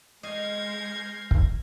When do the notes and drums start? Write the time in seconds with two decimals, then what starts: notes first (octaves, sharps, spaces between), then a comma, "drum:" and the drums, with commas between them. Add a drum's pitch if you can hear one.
0.23 G#3 D#5 F6 G6 G#6 A#6 C7
1.31 drum: kick